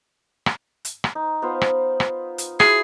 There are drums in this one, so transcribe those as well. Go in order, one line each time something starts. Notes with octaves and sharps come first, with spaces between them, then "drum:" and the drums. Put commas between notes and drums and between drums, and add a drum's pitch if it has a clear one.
drum: rim click
drum: hi-hat
drum: rim click
D#4
B3 F4 C5
drum: rim click
drum: rim click
drum: hi-hat
E4 F#4 G#4, drum: rim click